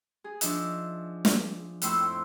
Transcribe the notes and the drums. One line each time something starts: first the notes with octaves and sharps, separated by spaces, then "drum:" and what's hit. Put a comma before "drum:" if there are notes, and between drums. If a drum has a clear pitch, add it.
G#4
F3 D4 D#4 E5, drum: hi-hat
drum: snare
F2 A2 E4 C5 G5 E6, drum: hi-hat